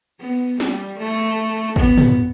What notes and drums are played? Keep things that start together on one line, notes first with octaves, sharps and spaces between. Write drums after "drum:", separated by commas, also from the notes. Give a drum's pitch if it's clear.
B3
G3, drum: snare
A3
B3, drum: kick
drum: tom